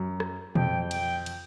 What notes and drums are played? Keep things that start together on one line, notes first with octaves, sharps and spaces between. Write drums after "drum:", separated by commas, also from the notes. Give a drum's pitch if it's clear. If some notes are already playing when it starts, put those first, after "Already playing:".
Already playing: F#2
drum: rim click
F2 G5, drum: tom A#2
G5, drum: cymbal
drum: cymbal